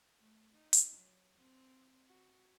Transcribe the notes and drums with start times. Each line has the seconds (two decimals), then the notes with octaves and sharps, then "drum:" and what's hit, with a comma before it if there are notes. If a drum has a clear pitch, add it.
0.20 A3
0.53 D#4
0.73 drum: hi-hat
0.96 F#3
1.37 C4
2.07 F#4